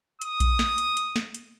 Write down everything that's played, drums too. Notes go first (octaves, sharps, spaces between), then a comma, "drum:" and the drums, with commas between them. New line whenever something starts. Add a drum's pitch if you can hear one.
D#6, drum: hi-hat
drum: kick A#1, hi-hat
drum: snare
drum: hi-hat
drum: hi-hat
drum: snare
drum: hi-hat